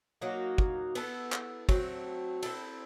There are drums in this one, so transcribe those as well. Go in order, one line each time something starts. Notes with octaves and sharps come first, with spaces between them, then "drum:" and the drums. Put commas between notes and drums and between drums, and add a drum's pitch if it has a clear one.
F#3 A#3 D#4 F#4
drum: kick
B3 E4 A4, drum: cymbal
drum: clap
F#3 A3 C4, drum: kick, cymbal
C4 E4 A4, drum: cymbal